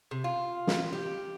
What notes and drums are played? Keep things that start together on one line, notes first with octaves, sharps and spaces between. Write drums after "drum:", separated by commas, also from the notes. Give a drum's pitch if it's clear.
C3
F4
drum: snare
G4